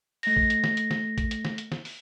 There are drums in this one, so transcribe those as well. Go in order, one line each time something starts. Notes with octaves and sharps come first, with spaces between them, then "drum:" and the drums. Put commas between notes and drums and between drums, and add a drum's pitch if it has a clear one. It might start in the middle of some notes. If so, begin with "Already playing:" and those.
A3 A#6, drum: open hi-hat
drum: kick A#1
drum: hi-hat
drum: snare
drum: hi-hat
drum: snare
drum: kick A#1, hi-hat
drum: hi-hat
drum: snare
drum: hi-hat
drum: snare
drum: open hi-hat